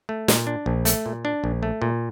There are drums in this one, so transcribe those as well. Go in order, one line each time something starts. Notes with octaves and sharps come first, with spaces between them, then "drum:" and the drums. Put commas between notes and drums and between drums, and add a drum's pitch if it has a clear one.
A3
A#2, drum: snare
D4
A#1
A3, drum: hi-hat
A#2
D4
A#1
A3
A#2